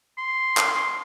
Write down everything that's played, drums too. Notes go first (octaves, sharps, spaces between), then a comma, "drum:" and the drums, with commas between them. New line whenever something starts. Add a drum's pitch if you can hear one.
C6
drum: clap